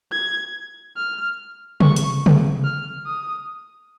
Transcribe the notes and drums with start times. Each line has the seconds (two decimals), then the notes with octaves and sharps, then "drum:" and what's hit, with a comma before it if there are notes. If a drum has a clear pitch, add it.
0.12 G#6
0.96 F6
1.80 C#6, drum: tom C3
1.96 drum: hi-hat
2.26 drum: tom C3
2.64 F6
3.07 D#6